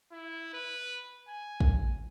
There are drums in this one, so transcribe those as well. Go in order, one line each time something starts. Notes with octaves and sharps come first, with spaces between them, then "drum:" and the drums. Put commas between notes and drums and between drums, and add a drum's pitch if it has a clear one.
E4
B4
G#5
drum: kick